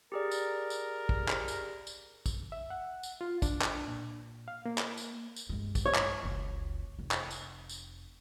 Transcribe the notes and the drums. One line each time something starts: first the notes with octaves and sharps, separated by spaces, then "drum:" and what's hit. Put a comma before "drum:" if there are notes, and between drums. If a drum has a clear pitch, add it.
G4 G#4 A#4 D5
drum: tambourine
drum: tambourine
drum: kick
drum: clap
drum: tambourine
drum: tambourine
drum: kick, tambourine
E5
F#5
drum: tambourine
F4
D4, drum: kick, tambourine
drum: clap
A#2
F5
A#3
drum: clap
drum: tambourine
drum: tambourine
G2 G#3
drum: kick, tambourine
C#5
drum: clap
F#1 C#2
F1
drum: clap
drum: tambourine
drum: tambourine